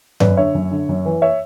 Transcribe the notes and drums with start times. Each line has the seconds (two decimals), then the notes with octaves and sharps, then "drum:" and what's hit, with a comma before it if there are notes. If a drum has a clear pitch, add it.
0.20 F#2 B4 D5, drum: tom G2
0.37 D3 C#5 E5
0.55 F#2
0.71 D3
0.89 F#2
1.05 E3
1.22 C#5 E5